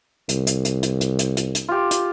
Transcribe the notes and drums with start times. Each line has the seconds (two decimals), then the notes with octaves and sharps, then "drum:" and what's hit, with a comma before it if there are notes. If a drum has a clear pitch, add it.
0.29 C2, drum: hi-hat
0.47 drum: hi-hat
0.65 drum: hi-hat
0.83 drum: hi-hat
1.01 drum: hi-hat
1.19 drum: hi-hat
1.37 drum: hi-hat
1.55 drum: hi-hat
1.68 F4 G4
1.91 drum: hi-hat